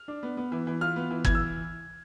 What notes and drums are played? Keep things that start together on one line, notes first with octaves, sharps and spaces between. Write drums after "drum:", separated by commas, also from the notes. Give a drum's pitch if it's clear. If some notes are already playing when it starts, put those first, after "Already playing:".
Already playing: F6
D4
B3
B3
E3
E3
F4 F6
B3
E3
E3 G#6, drum: kick
E6